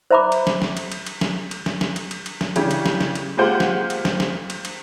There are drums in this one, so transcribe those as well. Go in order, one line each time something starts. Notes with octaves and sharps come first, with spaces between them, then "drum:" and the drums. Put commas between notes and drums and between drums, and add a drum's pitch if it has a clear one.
C5 E5 A#5 B5 D6
drum: cymbal
drum: snare
drum: snare
drum: cymbal
drum: cymbal
drum: cymbal
drum: snare
drum: cymbal
drum: snare
drum: snare
drum: cymbal
drum: cymbal
drum: cymbal
drum: snare
C#3 E3 G3 C#4 D4 G4, drum: cymbal
drum: cymbal
drum: snare
drum: snare
drum: cymbal
G#3 A#3 F4 G4 C5 F#5
drum: snare
drum: cymbal
drum: snare
drum: snare
drum: cymbal
drum: cymbal